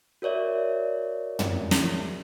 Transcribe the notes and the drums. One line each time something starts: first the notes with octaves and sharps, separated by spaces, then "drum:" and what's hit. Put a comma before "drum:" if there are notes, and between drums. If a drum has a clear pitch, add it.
F#4 A#4 C#5 D5 E5
drum: tom
drum: snare